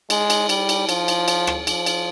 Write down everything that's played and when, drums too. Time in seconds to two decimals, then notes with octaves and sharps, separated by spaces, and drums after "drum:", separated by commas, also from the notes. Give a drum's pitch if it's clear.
0.10 G#3, drum: cymbal
0.30 drum: cymbal
0.49 G3, drum: cymbal
0.69 drum: cymbal
0.89 F3, drum: cymbal
1.08 drum: cymbal
1.28 drum: cymbal
1.47 drum: rim click
1.67 F3, drum: cymbal
1.86 drum: cymbal